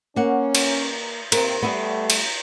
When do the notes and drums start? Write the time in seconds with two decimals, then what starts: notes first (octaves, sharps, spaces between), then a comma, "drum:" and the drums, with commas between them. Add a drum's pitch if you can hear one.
0.16 A#3 C#4 F#5
0.55 drum: cymbal
1.32 C3 A#3 C4 A#4, drum: cymbal
1.63 G3 A3 B3 E5
2.10 drum: cymbal